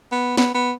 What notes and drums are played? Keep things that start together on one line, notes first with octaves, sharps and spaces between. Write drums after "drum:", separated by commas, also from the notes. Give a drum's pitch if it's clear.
B3
B3, drum: snare
B3